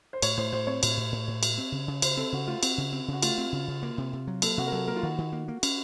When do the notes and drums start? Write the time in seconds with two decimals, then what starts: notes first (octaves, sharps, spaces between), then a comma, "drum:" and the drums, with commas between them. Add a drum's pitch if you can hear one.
0.13 C5
0.22 A2 C#5, drum: cymbal
0.37 A2 C5
0.52 A2 C5
0.67 C4 C#5
0.83 A2, drum: cymbal
0.97 A2
1.12 A2
1.28 A2
1.43 A3, drum: cymbal
1.58 C4
1.72 C#3
1.88 C#3
2.02 C#3 C5, drum: cymbal
2.17 C4 A4
2.32 C#3 F#4
2.47 A3 F4
2.63 C4 F#4, drum: cymbal
2.78 C#3
2.93 C4
3.08 C#3 F#4
3.23 A3 F4, drum: cymbal
3.38 C4
3.52 C#3
3.68 C#3
3.83 A#3
3.98 C3
4.13 C3
4.27 F#3
4.42 A#3 A4, drum: cymbal
4.58 C3 F#4
4.67 A#4
4.72 F#3 A4
4.87 A#3 A#4
4.96 F4
5.03 D#3 F#4
5.18 D#3
5.33 A#3
5.48 A#3
5.63 C#4, drum: cymbal